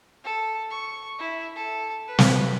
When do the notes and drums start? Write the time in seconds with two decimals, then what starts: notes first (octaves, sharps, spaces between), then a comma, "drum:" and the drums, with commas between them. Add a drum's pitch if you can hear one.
0.24 A4
0.70 C#6
1.19 E4
1.55 A4
2.08 B4
2.19 drum: snare